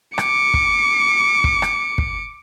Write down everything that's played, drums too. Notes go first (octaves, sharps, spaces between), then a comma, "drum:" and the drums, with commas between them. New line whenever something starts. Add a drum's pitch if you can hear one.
D6 C#7, drum: rim click
drum: kick
drum: kick
drum: rim click
drum: kick